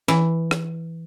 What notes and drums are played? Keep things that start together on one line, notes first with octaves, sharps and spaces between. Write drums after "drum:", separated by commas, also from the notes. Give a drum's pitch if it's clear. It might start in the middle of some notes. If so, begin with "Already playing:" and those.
E3, drum: snare
drum: rim click